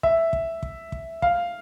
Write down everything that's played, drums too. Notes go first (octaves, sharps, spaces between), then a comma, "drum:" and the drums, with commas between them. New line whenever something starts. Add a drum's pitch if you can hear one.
E5, drum: kick
drum: kick
drum: kick
drum: kick
F5, drum: kick